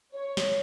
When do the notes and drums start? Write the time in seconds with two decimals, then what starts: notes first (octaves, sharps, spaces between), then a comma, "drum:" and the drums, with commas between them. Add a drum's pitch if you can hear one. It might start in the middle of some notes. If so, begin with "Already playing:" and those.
0.13 C#5
0.37 drum: snare